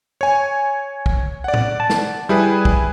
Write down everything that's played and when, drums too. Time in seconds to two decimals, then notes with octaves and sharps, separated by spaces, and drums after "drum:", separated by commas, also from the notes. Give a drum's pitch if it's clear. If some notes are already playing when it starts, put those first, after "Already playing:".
0.21 C#5 G#5
1.06 drum: kick
1.44 D5 F#5
1.54 drum: tom A2
1.80 A5
1.90 drum: snare
2.29 G3 E4 G#4 B4
2.65 drum: kick